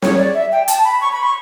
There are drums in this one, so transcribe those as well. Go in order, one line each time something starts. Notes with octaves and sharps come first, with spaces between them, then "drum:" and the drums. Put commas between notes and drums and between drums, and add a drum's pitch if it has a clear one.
C#5, drum: snare
D5
E5
G5
A5, drum: hi-hat
B5
C#6
B5
C#6